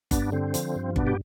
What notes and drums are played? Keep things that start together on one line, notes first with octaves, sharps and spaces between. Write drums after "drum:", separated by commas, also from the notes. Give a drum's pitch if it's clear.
G2 B3 D4, drum: kick G1, hi-hat
D3 C4
F3, drum: hi-hat
G2
B2 B3 D4, drum: kick G1
G4